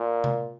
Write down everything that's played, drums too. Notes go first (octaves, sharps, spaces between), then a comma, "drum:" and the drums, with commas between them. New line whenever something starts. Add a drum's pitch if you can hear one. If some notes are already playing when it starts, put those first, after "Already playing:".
Already playing: A#2
drum: tom C3